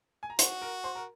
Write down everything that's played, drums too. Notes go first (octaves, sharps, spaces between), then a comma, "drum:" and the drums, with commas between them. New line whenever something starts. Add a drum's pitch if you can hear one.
G#5
A#5
F#4 C5 C6, drum: hi-hat
A#4 A#5
C5 C6
A#4 A#5